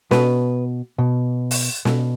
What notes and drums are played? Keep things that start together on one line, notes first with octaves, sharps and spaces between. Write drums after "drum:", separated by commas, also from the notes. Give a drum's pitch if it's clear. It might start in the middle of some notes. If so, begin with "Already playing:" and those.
B2 B4, drum: snare
B2
drum: open hi-hat
B2, drum: snare